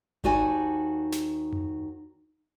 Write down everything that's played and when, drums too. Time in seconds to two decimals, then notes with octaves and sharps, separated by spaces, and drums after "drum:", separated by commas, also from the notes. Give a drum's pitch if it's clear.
0.24 D#2 D#4 F#4 D5 G#5 A5, drum: kick G#1
1.12 drum: snare
1.53 drum: tom F2